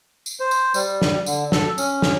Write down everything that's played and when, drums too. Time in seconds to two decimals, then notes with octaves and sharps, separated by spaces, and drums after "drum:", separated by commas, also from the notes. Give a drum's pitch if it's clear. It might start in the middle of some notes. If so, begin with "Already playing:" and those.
0.26 drum: tambourine
0.40 C5
0.51 drum: tambourine
0.74 G3, drum: tambourine
1.02 drum: snare
1.26 D3, drum: tambourine
1.52 A4, drum: snare
1.78 C#4, drum: tambourine
2.02 drum: snare